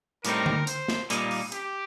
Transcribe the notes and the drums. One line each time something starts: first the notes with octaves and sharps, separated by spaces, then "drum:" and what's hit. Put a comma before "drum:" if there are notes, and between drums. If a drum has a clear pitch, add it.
A2 G3 C4 D#4 A#4, drum: hi-hat
drum: tom D3
C5, drum: hi-hat
drum: snare
A#2 G3 A#3 D#4, drum: hi-hat
drum: open hi-hat
G4, drum: hi-hat